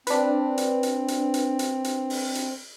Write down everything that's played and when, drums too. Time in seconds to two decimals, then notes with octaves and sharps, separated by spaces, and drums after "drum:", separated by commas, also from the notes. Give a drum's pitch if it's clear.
0.07 C4 D4 B4, drum: hi-hat
0.58 drum: hi-hat
0.83 drum: hi-hat
1.08 drum: hi-hat
1.34 drum: hi-hat
1.59 drum: hi-hat
1.84 drum: hi-hat
2.10 drum: open hi-hat
2.35 drum: hi-hat